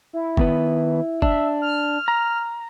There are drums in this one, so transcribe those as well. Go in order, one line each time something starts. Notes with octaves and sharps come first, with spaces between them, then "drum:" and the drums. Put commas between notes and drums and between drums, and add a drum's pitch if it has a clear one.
E4
D#3 B3 B4, drum: kick
D4 E5, drum: kick
F6
A#5